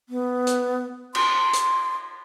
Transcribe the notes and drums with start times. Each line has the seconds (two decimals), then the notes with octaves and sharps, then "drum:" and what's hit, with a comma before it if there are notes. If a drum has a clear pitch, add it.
0.09 B3
0.47 drum: hi-hat
1.15 C6, drum: cymbal
1.53 drum: hi-hat